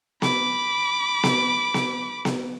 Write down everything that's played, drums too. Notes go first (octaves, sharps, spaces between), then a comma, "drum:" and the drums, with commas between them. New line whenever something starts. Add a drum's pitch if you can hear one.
B5 D6, drum: snare B3
drum: snare B3
drum: snare B3
drum: snare B3